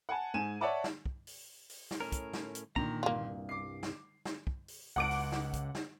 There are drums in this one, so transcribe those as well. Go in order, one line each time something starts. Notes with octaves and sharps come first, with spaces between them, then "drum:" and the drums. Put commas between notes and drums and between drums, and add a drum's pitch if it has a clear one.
F#5 G#5 A5
G#2 G#5 D#7 E7
C#5 D5 E5 F#5 A5 D6
drum: snare
drum: kick
drum: open hi-hat
drum: open hi-hat
drum: snare
A2 C#4 A#4
drum: kick, hi-hat
drum: snare
drum: hi-hat
A#2 D3 D#3 A#5, drum: kick
C2 G2 A#3 F4
D6 C7
drum: snare
drum: snare
drum: kick
drum: open hi-hat
C#2 F#5 D6 D7
drum: open hi-hat
drum: snare
drum: kick, hi-hat
drum: snare